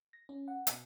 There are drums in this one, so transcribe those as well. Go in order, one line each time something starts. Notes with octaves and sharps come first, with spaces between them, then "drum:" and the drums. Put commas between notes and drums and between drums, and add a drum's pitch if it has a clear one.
A#6
C#4
F#5
B2, drum: hi-hat